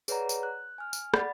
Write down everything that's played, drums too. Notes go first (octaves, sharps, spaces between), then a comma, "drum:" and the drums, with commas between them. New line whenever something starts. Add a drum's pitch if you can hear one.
G#4 B4 C#5 D5 F#5 A#5, drum: tambourine
drum: tambourine
F#6
G#5 F6
drum: tambourine
D5 F#5 B5 A6, drum: rim click